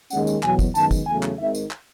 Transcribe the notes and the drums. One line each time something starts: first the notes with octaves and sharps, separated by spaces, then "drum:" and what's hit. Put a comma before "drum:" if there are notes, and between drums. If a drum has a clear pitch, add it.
D#2 D#3 G#3 C#4 F#5, drum: tambourine
drum: tambourine
E2 B2 F#3 G#5, drum: clap
drum: kick, tambourine
F#2 D#3 G#3 B3 A5, drum: tambourine
drum: kick, tambourine
E2 C#3 F#3 A3 G#5
drum: clap
G#1 G#2 D#3 E5
drum: tambourine
drum: clap